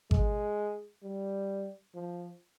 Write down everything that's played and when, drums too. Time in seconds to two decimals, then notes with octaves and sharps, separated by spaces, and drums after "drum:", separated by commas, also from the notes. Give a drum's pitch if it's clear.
0.11 G#3, drum: kick G#1
1.03 G3
1.95 F3